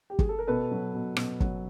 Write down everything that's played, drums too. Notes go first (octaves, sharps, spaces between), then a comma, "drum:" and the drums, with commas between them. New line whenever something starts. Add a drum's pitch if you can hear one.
G4
G#4, drum: kick
A4
A#4
B2 A4 B4
F#3
B2
B2, drum: rim click
F#3, drum: kick